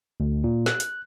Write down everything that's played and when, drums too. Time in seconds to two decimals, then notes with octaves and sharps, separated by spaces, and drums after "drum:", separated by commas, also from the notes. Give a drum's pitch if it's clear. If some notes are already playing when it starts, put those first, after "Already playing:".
0.20 D2
0.44 A#2
0.66 F#6, drum: snare
0.80 drum: hi-hat